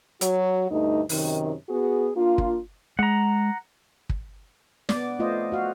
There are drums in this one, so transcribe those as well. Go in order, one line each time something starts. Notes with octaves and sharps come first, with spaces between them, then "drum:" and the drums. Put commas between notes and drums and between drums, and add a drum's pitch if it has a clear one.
F#3 F#4, drum: hi-hat
D2 G2 A3 D#4
F#2 C3 D#3, drum: open hi-hat
B3 F#4 G#4
A#3 D4 F4
drum: kick
G#3 F#5 A#5
drum: kick
B3 D5, drum: snare
A3 F4 C5 D#5
F#4 F5